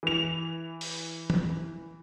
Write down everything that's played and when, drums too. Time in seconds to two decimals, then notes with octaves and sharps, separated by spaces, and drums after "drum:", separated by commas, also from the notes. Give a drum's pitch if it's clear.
0.03 E3 F7
0.81 drum: open hi-hat
1.30 drum: tom